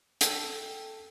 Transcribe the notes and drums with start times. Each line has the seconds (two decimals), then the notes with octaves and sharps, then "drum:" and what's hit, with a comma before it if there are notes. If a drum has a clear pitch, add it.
0.21 A4 G5 A5 E6, drum: hi-hat